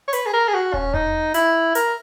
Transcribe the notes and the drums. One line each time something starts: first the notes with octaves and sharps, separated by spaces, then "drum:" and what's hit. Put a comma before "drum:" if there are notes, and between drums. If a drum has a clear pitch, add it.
C#5
B4, drum: hi-hat
G#4
A#4
G#4
F#4
C#4, drum: kick D#1
D#4, drum: tom E2
E4, drum: hi-hat
A#4, drum: hi-hat